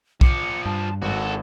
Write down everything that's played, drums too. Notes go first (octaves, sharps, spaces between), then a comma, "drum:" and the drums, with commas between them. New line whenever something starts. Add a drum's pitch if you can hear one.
F3 D5 C#7, drum: kick
G2 A5
G#1 F#4 A4 F#5